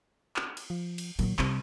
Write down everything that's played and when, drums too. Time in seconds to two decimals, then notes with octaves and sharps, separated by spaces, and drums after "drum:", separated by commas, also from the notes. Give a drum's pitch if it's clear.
0.36 drum: clap
0.57 drum: cymbal
0.70 F3
0.98 drum: cymbal
1.19 A#2 D#3 F#3, drum: cymbal
1.39 C3 G3, drum: clap